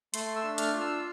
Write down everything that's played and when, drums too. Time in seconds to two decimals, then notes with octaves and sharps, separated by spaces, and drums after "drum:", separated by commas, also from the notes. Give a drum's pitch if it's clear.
0.14 A3 C6, drum: hi-hat
0.36 E6
0.43 D4
0.58 F6, drum: hi-hat
0.73 F4
0.80 E6